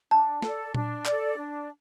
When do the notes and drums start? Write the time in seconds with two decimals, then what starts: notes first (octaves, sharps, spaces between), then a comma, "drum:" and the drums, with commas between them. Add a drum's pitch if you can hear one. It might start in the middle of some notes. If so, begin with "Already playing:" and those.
0.11 D4 A5
0.42 A4 D5, drum: snare
0.75 D4, drum: tom A#2
1.06 A4 D5, drum: clap
1.37 D4